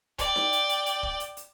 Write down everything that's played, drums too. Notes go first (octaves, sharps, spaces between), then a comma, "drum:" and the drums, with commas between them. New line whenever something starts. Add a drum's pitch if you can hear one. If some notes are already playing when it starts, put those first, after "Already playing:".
D5 G5, drum: kick, hi-hat
drum: snare D#4
drum: hi-hat
drum: hi-hat
drum: hi-hat
drum: kick
drum: hi-hat
drum: hi-hat